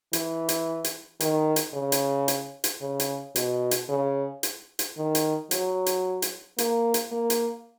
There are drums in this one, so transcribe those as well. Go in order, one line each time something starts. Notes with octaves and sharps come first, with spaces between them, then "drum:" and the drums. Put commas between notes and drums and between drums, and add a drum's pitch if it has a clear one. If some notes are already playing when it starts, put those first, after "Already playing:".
E3, drum: hi-hat
drum: hi-hat
drum: hi-hat
D#3, drum: hi-hat
drum: hi-hat
C#3
drum: hi-hat
drum: hi-hat
drum: hi-hat
C#3
drum: hi-hat
B2, drum: hi-hat
drum: hi-hat
C#3
drum: hi-hat
drum: hi-hat
D#3
drum: hi-hat
F#3, drum: hi-hat
drum: hi-hat
drum: hi-hat
A#3, drum: hi-hat
drum: hi-hat
A#3
drum: hi-hat